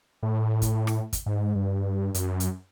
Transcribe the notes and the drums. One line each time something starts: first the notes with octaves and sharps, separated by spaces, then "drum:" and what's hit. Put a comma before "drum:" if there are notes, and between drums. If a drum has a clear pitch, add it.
A2
drum: kick, hi-hat
drum: rim click
drum: kick, hi-hat
G#2
G2
F#2, drum: hi-hat
drum: hi-hat